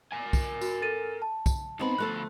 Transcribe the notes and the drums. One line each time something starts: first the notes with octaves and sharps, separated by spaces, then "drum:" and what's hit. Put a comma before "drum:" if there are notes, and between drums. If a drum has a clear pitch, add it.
A#4 G#5
drum: kick, tambourine
F#4, drum: tambourine
A4 A6 D#7
A5
drum: kick, tambourine
D2 B3 C4 D#4 B5
F3 A3 A4 F#6